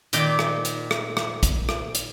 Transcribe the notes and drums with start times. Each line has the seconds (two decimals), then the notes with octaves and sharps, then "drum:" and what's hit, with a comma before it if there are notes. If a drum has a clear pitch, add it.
0.13 A#2 D#3 D5 G5, drum: hi-hat
0.39 drum: rim click
0.65 drum: hi-hat
0.91 drum: rim click
1.17 drum: rim click
1.43 drum: kick, hi-hat
1.69 drum: rim click
1.95 drum: hi-hat